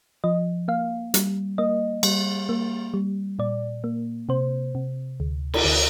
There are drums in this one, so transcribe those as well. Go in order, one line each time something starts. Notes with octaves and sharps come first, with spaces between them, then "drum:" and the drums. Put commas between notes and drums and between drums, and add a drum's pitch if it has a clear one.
F3 D#5
A#3 F5
G3, drum: hi-hat
A#3 D#5
G3, drum: cymbal
A#3
G3
A#2 D5
A#3
C3 C5
C3
D2
drum: cymbal
D2